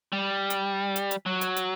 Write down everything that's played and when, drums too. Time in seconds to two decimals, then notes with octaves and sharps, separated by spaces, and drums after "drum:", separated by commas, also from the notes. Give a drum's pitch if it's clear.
0.13 G3
0.50 drum: hi-hat
0.96 drum: hi-hat
1.11 drum: hi-hat
1.26 F#3
1.41 drum: hi-hat
1.56 drum: hi-hat